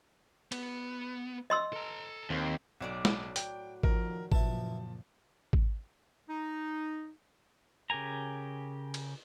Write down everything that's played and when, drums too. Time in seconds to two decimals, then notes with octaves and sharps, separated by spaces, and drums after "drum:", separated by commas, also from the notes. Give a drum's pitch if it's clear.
0.52 B3, drum: cymbal
1.50 D#5 C6 E6
1.73 A4 A#5
2.30 D#2 C4
2.81 B1 A2 F#3 D5
3.05 drum: snare
3.36 G5, drum: hi-hat
3.83 F2 D#3 A#4, drum: kick G#1
4.32 F#1 A#2 F3 E4 B4 A5, drum: kick G#1
5.53 drum: kick G#1
6.29 D#4
7.90 C#3 G4 A#4 G#5 A#5
8.94 drum: cymbal